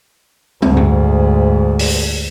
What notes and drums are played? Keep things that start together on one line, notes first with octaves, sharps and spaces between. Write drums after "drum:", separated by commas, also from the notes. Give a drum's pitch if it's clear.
D2 G#2, drum: tom
drum: tom
drum: open hi-hat